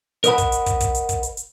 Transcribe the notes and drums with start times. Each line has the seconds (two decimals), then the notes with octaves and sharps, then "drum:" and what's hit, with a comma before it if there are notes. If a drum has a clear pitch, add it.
0.24 A#4 C5 D#5 E5 F#5 B5, drum: hi-hat
0.38 drum: kick, hi-hat
0.52 drum: hi-hat
0.66 drum: kick, hi-hat
0.81 drum: kick, hi-hat
0.95 drum: hi-hat
1.09 drum: kick, hi-hat
1.23 drum: hi-hat
1.37 drum: hi-hat